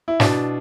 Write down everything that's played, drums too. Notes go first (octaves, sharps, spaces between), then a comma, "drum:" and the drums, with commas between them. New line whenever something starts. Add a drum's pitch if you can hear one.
E4
B2 D4, drum: snare